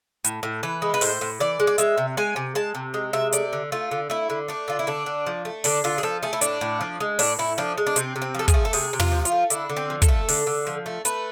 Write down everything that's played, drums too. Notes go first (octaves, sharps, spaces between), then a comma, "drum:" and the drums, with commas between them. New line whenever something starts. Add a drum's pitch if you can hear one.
A2, drum: hi-hat
A2
E3 B4
G#3
B4
A2 C5, drum: open hi-hat
A2
E3 D5
G#3
D5
G#3 E5, drum: hi-hat
C3
G#3 G#5
C3
G#3 A5
C3
G#3
C3 E5
A3 D5, drum: hi-hat
D3
A3 F4
D3
A3 E4
D3
A3 D4
D3 F4
E4
D3 D4
D3
F3
A3
D3 D4, drum: open hi-hat
D3 F4
G#4
F3 A4
A3 G#4
E4
A2 D4, drum: hi-hat
A2
F3
G#3
A2 D4, drum: open hi-hat
A2 E4
F3 D4
G#3
D4
C3 C4, drum: hi-hat
C3
C4
F3 A4
G#4, drum: kick, hi-hat
A3
A4
C3 G#4, drum: open hi-hat
C3
F4, drum: tom
F3
F4, drum: hi-hat
A3
D3 E4, drum: hi-hat
D3
C4
F3
A4, drum: kick, hi-hat
A3
D3, drum: open hi-hat
D3
F3
A3
A3 B4, drum: hi-hat